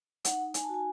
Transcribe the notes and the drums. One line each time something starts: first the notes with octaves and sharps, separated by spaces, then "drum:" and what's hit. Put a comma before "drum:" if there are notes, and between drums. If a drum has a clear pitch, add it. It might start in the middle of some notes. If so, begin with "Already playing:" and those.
D#4 F#5, drum: hi-hat
G#5, drum: hi-hat
A5
F#4 G#5